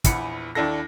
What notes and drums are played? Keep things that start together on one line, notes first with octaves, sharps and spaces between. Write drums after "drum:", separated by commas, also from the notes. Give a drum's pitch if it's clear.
A#1 E2 B3 C#7, drum: kick, hi-hat
D#2 D4 E4 A4 A#6